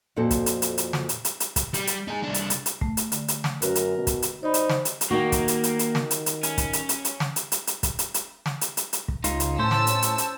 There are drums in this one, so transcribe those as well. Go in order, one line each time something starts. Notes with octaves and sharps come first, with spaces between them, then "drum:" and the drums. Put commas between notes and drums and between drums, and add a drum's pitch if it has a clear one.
F2 A#2 F#4 A4 C5 A5
drum: kick, hi-hat
drum: hi-hat
drum: hi-hat
drum: hi-hat
drum: snare
drum: hi-hat
drum: hi-hat
drum: hi-hat
drum: kick, hi-hat
G3, drum: hi-hat
drum: hi-hat
D#4 G#4
C2 D4
drum: hi-hat
drum: hi-hat
drum: hi-hat
A3, drum: kick
drum: hi-hat
D3, drum: hi-hat
drum: hi-hat
drum: snare
F#2 F#4 A#4 B4, drum: hi-hat
drum: hi-hat
B2
drum: kick, hi-hat
drum: hi-hat
D#4 C5 D5 B5
drum: hi-hat
drum: snare
drum: hi-hat
drum: hi-hat
D#3 A#3 D#4 F#4
drum: kick, hi-hat
drum: hi-hat
drum: hi-hat
drum: hi-hat
drum: snare
drum: hi-hat
drum: hi-hat
C#4, drum: hi-hat
drum: kick, hi-hat
drum: hi-hat
drum: hi-hat
drum: hi-hat
drum: snare
drum: hi-hat
drum: hi-hat
drum: hi-hat
drum: kick, hi-hat
drum: hi-hat
drum: hi-hat
drum: snare
drum: hi-hat
drum: hi-hat
drum: hi-hat
drum: kick
C#2 D#4 F4, drum: hi-hat
drum: hi-hat
A2 C#4 C5 A5 E6
drum: snare
drum: hi-hat
drum: hi-hat
drum: hi-hat